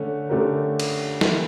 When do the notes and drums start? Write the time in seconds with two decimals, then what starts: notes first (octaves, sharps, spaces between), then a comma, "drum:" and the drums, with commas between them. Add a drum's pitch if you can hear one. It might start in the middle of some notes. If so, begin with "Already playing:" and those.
Already playing: D3 A3 C#4
0.29 D3 A3 C#4 G4 A#4
0.80 drum: cymbal
1.21 E3 A#3 E4, drum: snare